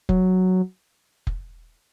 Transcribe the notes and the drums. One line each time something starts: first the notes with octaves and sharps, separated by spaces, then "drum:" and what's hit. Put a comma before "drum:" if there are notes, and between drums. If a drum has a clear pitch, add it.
F#3, drum: kick F1
drum: kick F1